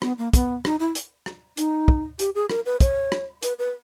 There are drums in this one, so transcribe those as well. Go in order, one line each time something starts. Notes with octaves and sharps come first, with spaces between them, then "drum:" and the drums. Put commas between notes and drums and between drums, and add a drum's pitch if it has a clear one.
B3, drum: rim click
A#3
B3, drum: kick, hi-hat
D#4, drum: rim click
E4
drum: hi-hat
drum: rim click
D#4, drum: hi-hat
drum: kick
G4, drum: hi-hat
G#4
A#4, drum: rim click
B4
C#5, drum: kick, hi-hat
drum: rim click
B4, drum: hi-hat
B4